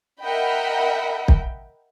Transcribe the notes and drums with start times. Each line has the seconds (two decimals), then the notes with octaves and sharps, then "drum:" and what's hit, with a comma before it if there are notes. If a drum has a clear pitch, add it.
0.22 A#4 D#5 E5 F#5 G5 B5
1.28 drum: kick